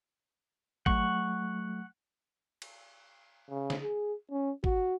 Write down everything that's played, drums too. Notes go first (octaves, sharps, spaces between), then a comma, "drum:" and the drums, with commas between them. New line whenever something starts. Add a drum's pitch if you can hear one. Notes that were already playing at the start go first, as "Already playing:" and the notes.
F#3 A3 F#5 C#6, drum: kick
drum: cymbal
C#3
drum: snare
G#4
C#4
F#4, drum: kick